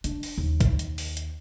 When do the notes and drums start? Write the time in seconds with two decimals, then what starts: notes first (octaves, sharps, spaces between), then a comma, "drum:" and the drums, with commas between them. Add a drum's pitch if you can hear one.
0.04 D4, drum: hi-hat
0.23 drum: open hi-hat
0.38 D#2
0.61 drum: kick C2, hi-hat
0.79 drum: hi-hat
0.98 drum: open hi-hat
1.17 drum: hi-hat